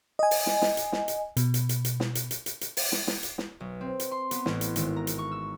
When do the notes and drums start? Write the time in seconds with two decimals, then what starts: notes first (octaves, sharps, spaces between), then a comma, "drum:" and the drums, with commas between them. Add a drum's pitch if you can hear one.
0.19 D#5 G#5
0.31 drum: open hi-hat
0.46 drum: snare
0.62 drum: snare
0.77 drum: hi-hat
0.92 drum: snare
1.08 drum: hi-hat
1.37 B2, drum: hi-hat
1.54 drum: hi-hat
1.69 drum: hi-hat
1.85 drum: hi-hat
2.00 drum: snare
2.15 drum: hi-hat
2.31 drum: hi-hat
2.46 drum: hi-hat
2.61 drum: hi-hat
2.77 drum: open hi-hat
2.92 drum: snare
3.07 drum: snare
3.23 drum: hi-hat
3.38 drum: snare
3.60 B1
3.81 C4
4.00 drum: hi-hat
4.11 C6
4.31 B3, drum: hi-hat
4.46 A1, drum: snare
4.61 drum: hi-hat
4.76 G#1, drum: hi-hat
4.96 A#5
5.07 drum: hi-hat
5.18 C#6
5.31 E6